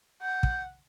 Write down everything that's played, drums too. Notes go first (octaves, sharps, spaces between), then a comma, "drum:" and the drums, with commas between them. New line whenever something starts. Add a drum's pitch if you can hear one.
F#5 G6
drum: kick